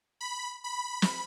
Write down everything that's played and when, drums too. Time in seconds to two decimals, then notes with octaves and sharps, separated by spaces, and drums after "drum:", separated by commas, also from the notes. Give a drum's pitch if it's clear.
0.21 B5
0.64 B5
1.02 drum: snare